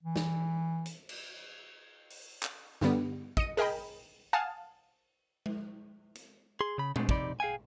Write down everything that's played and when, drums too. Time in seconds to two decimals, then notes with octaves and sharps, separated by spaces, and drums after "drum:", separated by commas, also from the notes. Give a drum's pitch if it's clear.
0.03 E3
0.16 drum: snare
0.86 drum: hi-hat
1.09 drum: cymbal
2.10 drum: open hi-hat
2.43 drum: clap
2.81 G2 D3 G3 B3, drum: snare
3.37 D#5 C#7 D#7, drum: kick
3.57 G#4 A#4 D#5 G5 B5, drum: open hi-hat
4.33 F5 F#5 G#5 A5 D#6 F6
5.46 drum: tom G#3
6.15 drum: hi-hat
6.61 G#4 C6
6.78 C#3 B5
6.96 G#3 A3 B3 C4 D4, drum: tom A#2
7.09 F2 C3 D#4 D5 B5, drum: kick
7.40 G#4 F5 G5 G#5